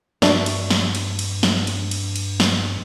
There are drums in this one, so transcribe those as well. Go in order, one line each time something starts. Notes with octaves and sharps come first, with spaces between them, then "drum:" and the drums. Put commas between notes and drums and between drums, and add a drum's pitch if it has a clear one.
G2 D4 F#4 E5, drum: snare
drum: cymbal
drum: snare
drum: cymbal
drum: cymbal
drum: snare
drum: cymbal
drum: cymbal
drum: cymbal
drum: snare